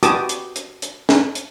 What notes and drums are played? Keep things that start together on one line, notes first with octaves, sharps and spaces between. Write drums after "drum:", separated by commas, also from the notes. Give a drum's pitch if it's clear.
F#4 G4 B4 A5 D6 D#6, drum: hi-hat
drum: hi-hat
drum: hi-hat
drum: hi-hat
drum: snare
drum: hi-hat